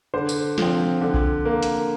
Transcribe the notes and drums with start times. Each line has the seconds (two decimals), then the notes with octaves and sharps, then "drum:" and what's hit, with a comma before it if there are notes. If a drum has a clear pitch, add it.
0.14 D3 C5
0.29 drum: tambourine
0.58 F3 C4, drum: snare
1.01 D3
1.14 drum: kick B1
1.45 A#3
1.63 drum: hi-hat